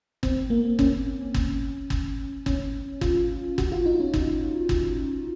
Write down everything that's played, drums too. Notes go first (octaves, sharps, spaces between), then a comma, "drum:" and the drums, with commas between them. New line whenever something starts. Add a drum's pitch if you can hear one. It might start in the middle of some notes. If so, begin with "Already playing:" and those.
C4, drum: kick G1
A#3
C#4, drum: kick G1
drum: kick G1
drum: kick G1
C#4, drum: kick G1
F4, drum: kick G1
F#4, drum: kick G1
F4
D#4
C#4
D#4, drum: kick G1
drum: kick G1